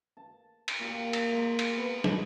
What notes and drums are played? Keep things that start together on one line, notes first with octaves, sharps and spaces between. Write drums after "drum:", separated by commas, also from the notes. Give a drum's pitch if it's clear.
A5
drum: cymbal
A#2 G4
drum: cymbal
G#3 A#3
drum: cymbal
B3
G#4 G#5, drum: snare